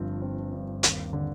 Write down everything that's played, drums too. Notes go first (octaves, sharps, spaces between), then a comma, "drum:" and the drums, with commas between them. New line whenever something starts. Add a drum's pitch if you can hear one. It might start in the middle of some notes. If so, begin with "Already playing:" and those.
Already playing: G1 G2 F3 C4
C4
G2
D#2, drum: hi-hat
D3